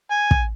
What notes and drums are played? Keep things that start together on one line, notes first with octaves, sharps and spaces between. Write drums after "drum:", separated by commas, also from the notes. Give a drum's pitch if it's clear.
G#5
drum: kick